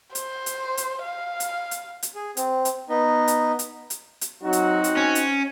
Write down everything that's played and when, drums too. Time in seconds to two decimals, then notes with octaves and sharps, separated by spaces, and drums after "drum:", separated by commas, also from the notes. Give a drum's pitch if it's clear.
0.15 C5, drum: hi-hat
0.46 drum: hi-hat
0.77 drum: hi-hat
1.04 F5
1.40 drum: hi-hat
1.71 drum: hi-hat
2.03 drum: hi-hat
2.15 G#4
2.37 C4, drum: hi-hat
2.65 drum: hi-hat
2.89 B3 D#4
3.28 drum: hi-hat
3.59 drum: hi-hat
3.90 drum: hi-hat
4.21 drum: hi-hat
4.43 F#3 C4 D#4 F#4
4.53 drum: hi-hat
4.84 drum: hi-hat
4.97 C#4 G#5
5.15 drum: hi-hat